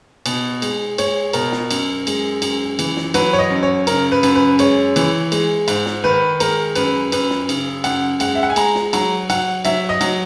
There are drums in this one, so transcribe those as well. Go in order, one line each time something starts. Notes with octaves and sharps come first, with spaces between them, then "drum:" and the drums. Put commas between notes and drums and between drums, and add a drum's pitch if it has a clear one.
B2, drum: cymbal
G#3, drum: cymbal
G#3 C#5, drum: cymbal
B2 A#4, drum: cymbal
drum: snare
F#2, drum: cymbal
G#3, drum: cymbal
F#2, drum: cymbal
E3, drum: cymbal
drum: snare
F#3 B4, drum: cymbal
C#5
D#5
F#2
C#5
C#3 A#4, drum: cymbal
B4
F#2, drum: cymbal
B4
G#3 C#5, drum: cymbal
E3, drum: cymbal
G#3, drum: cymbal
G#2, drum: cymbal
drum: snare
D#3 B4
G#3 A#4, drum: cymbal
F#2 B4, drum: cymbal
F#2 B4, drum: cymbal
drum: snare
C#3, drum: cymbal
F#2 F#5, drum: cymbal
G#3 F#5, drum: cymbal
E5
F#5
G#5
G#3 A#5, drum: cymbal
drum: snare
F#3 A#5, drum: cymbal
F#3 F#5, drum: cymbal
F#3 E5, drum: cymbal
D#5
F#3, drum: cymbal